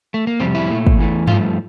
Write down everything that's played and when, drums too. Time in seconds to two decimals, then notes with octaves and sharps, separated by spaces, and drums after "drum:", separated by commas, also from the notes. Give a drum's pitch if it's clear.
0.14 A3
0.27 A#3
0.40 F2 C3 G3 C4
0.55 E4
0.69 A#2 A3
0.87 drum: kick
0.98 E2 E3 A3
1.27 G2 F3 A3 F4, drum: tom G2